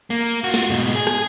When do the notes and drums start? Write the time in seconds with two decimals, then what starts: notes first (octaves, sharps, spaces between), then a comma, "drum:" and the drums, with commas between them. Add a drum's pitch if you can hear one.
0.10 A#3
0.44 F4 F#4
0.54 drum: snare
0.69 G#2 B2, drum: hi-hat
0.95 G#4 G#5
1.07 drum: rim click